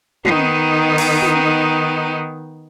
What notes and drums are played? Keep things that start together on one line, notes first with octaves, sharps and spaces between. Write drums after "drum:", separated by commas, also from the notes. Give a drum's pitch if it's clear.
D#3 B3 D#4, drum: tom
drum: open hi-hat
drum: tom